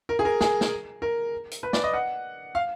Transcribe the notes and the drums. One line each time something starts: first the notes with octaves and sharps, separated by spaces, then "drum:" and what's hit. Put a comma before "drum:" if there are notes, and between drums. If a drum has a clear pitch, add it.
A#4
G#4
A#4
G#4, drum: snare
drum: snare
A#4
drum: hi-hat
B4
D5, drum: snare
D#5
F#5
F5